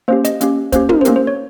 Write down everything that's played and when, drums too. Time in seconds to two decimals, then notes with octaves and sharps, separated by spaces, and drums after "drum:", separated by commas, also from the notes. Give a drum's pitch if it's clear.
0.08 A#3 C#4 G4 C5
0.25 D#5, drum: hi-hat
0.41 A#3 C#4 G4, drum: hi-hat
0.72 A#3 C#4 G4 C5, drum: kick, hi-hat
0.89 A#4, drum: tom
1.01 C5
1.05 A#3 C#4 G4 A#4, drum: hi-hat
1.16 C5
1.27 C#5